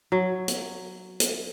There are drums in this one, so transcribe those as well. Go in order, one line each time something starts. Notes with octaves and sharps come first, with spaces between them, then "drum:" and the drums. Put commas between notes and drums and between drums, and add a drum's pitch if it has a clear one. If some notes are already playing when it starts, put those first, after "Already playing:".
F#3
drum: hi-hat
drum: hi-hat